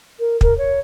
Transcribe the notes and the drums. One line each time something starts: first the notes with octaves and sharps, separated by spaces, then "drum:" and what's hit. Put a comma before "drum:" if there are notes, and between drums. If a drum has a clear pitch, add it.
A#4
A#4, drum: kick
C#5